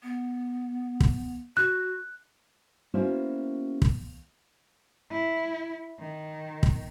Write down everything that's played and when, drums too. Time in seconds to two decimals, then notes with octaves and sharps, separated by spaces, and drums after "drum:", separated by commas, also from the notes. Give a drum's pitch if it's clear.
0.03 B3
1.00 drum: kick
1.57 F#4 F#6
2.94 A#3 B3 C#4 E4 F#4 C5
3.82 drum: kick
5.11 E4
5.99 D#3
6.63 drum: kick